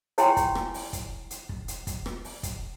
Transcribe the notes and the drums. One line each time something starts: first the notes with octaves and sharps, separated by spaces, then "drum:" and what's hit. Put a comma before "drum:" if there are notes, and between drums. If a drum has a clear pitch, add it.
E4 G4 C#5 G5 G#5 C6, drum: hi-hat
drum: kick, hi-hat
drum: rim click
drum: open hi-hat
drum: kick, hi-hat
drum: hi-hat
drum: kick
drum: hi-hat
drum: kick, hi-hat
drum: rim click
drum: open hi-hat
drum: kick, hi-hat